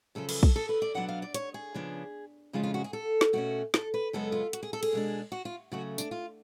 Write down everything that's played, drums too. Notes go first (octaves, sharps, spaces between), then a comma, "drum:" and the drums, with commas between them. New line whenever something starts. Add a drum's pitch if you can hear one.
F#2 C#3 F3 A4
B4, drum: cymbal
A4, drum: kick A#1
A4
B4
D5
B2 F#3 B3 D4 F#5
F5
D5
C#5, drum: hi-hat
G#4
C#3 F3 B3 D4
F2 C#3 G#3 C#4 F4
F4
F#4
G#4
A4
drum: snare
B2 A3 C#4 F#4
A4, drum: snare
B4
F#2 C#3 G#3 B3 A4
F4
F#4, drum: hi-hat
G#4
A4
G#4, drum: cymbal
B2 G#3 D4
F#4
F4
C#3 F#3 A3 F#4
D4, drum: tambourine
F4